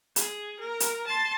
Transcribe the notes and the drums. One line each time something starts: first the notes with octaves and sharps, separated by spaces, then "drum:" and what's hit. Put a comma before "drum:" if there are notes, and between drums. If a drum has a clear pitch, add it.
G#4, drum: hi-hat
A#4
drum: hi-hat
A5 C6